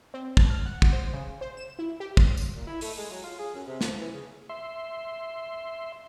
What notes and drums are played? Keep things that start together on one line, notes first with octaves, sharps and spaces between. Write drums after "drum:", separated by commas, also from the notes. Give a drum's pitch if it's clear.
C4
A5, drum: kick
F6
F#5
drum: kick
C5
C#3
C5
E7
E4
G4
C6, drum: kick
drum: tambourine
A#2
E4
A3, drum: open hi-hat
G#3
F#3
F4
G#4
F#2
C3
F3, drum: snare
E3
C#3
E5 C6